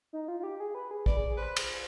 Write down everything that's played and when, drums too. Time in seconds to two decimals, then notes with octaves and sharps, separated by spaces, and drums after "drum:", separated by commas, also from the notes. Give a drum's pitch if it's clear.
0.13 D#4
0.28 F4
0.40 F4
0.43 G4
0.60 G#4
0.75 B4
0.91 G#4
1.06 B4 D5, drum: kick
1.17 G#4
1.27 G#4
1.37 B4 C5
1.56 drum: cymbal